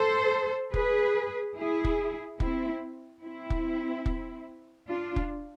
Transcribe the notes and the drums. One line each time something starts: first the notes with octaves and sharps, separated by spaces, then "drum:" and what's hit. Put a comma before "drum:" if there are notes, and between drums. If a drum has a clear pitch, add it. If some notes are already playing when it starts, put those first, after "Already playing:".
Already playing: A4 C5
G#4 B4, drum: kick
E4 G#4
drum: kick
C4 E4, drum: kick
C4 E4
drum: kick
drum: kick
D4 F4
drum: kick